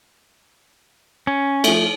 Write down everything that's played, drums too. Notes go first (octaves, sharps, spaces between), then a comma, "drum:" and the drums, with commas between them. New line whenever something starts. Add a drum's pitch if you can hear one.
C#4
F3 A3, drum: cymbal